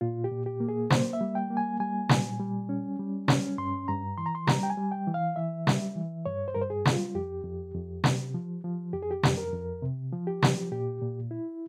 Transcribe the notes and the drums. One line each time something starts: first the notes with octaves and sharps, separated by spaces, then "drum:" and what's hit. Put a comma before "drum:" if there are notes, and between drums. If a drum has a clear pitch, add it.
A#2 F4
G4
A#2
G4
A#3
G#4
A#3 C5, drum: snare
E5
G3
G5
A#3
G#5
G3 G#5
A#2, drum: snare
G3
C#4
G3
C#4, drum: snare
G2 C6
G2 A#5
E3 C6
A#5
C6
G3 A#5, drum: snare
G5
G#5
G3
G5
E3
F5
E3 E5
G3, drum: snare
E3
G2 C#5
C5
G2 A#4
C5
G#4
G3, drum: snare
F4
F2 G4
F2
F2
C3, drum: snare
F3
F3
F2 G4
G#4
G4
F2, drum: snare
A#4
F2
C3
F3
G4
F3, drum: snare
A#2 G4
A#2
E4